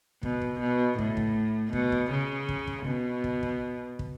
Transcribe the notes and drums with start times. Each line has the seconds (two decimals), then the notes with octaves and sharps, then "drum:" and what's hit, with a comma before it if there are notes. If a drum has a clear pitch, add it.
0.23 B2, drum: kick
0.41 drum: kick
0.60 B2
0.99 A2, drum: kick
1.17 drum: kick
1.73 B2, drum: kick
1.92 drum: kick
2.11 C#3
2.49 drum: kick
2.67 drum: kick
2.86 B2
3.24 drum: kick
3.43 drum: kick
3.99 drum: kick